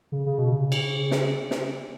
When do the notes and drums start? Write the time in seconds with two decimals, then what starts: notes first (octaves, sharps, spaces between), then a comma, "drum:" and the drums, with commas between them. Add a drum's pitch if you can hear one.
0.12 C#3
0.26 C#3
0.38 B2
0.52 C#3
0.72 drum: cymbal
1.11 drum: snare
1.51 drum: snare